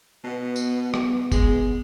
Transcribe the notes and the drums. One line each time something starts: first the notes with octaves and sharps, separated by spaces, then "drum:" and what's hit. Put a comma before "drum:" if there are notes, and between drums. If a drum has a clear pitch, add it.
B2 B3
drum: tambourine
drum: rim click
G#3, drum: kick G1, tambourine